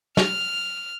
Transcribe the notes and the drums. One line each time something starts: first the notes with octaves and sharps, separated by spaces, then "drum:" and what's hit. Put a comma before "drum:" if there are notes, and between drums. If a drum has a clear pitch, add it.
F6, drum: snare